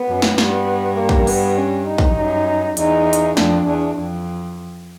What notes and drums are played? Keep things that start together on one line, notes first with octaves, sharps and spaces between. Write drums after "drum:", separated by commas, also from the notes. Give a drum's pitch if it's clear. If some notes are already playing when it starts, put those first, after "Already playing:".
Already playing: B3
F#2
drum: snare
G2 B3, drum: snare
A#3
drum: kick
B3, drum: open hi-hat
C#4
D#4
drum: kick
F#2
E2 D#4, drum: hi-hat
drum: hi-hat
F2 D4, drum: snare
E2
F2